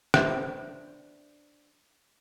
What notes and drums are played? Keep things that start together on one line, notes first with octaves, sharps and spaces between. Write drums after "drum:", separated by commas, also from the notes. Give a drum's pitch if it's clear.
D4 B4 C5 E5, drum: rim click